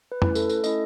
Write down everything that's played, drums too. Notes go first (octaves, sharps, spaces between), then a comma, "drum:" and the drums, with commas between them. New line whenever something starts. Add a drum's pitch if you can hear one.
B4
A3 C#4 E4 B4, drum: tom
A4, drum: tambourine
A4, drum: tambourine
A3 C#4 E4 D#5, drum: tambourine